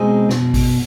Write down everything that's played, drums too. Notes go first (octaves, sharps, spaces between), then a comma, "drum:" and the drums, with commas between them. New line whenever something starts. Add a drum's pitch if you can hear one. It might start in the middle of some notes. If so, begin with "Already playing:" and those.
Already playing: B2 G#3 C4 D#4 G#4
B2, drum: snare
drum: kick G#1, open hi-hat